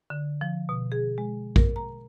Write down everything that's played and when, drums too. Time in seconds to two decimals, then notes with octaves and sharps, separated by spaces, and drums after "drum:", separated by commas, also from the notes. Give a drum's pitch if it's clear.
0.10 D3
0.41 F3
0.69 B2
0.92 G#4
1.18 G#3
1.56 A#4, drum: kick A#1
1.76 A#5